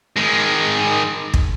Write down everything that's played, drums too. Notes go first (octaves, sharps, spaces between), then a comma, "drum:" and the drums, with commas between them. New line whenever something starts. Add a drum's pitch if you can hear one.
D#3 G#3
drum: kick